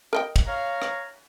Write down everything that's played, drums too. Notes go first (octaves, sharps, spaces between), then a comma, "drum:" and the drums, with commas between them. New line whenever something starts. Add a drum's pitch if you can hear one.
A#4 D#5 G5
drum: kick, cymbal
C#5 F5 A#5
drum: rim click